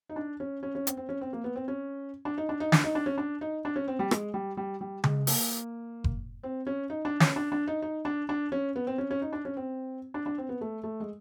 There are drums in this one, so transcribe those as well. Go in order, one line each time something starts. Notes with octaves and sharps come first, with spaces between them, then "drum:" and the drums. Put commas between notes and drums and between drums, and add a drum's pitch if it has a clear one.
D#4
D4
C#4
C#4
C#4
C4, drum: hi-hat
C4
C#4
C4
A#3
B3
C4
C#4
D4
D#4
D4
D#4
D4, drum: snare
D#4
D4
C#4
D4
D#4
D4
C#4
C4
G3
G#3, drum: rim click
G3
G3
G3
G#3, drum: tom C#3
A#3, drum: open hi-hat
drum: kick F#1
C4
C#4
D#4
D4
C#4, drum: snare
D4
D4
D#4
D#4
D4
D4
C#4
B3
C4
C#4
C#4
D#4
D4
C#4
C4
D4
D4
C4
B3
A3
A3
G#3